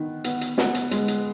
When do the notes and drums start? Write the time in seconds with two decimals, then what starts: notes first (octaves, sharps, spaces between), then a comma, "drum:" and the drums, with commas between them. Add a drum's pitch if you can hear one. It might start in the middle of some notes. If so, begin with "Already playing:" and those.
Already playing: D#3 B3
0.24 B3, drum: hi-hat
0.41 drum: hi-hat
0.58 B3, drum: snare
0.75 drum: hi-hat
0.91 G#3, drum: hi-hat
1.08 drum: hi-hat